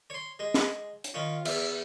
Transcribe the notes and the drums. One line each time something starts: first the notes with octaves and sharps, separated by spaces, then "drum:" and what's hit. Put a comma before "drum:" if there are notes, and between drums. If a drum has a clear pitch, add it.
C#5 C6
G#3
drum: snare
drum: hi-hat
D#3 C#4 F4
E2 E5, drum: cymbal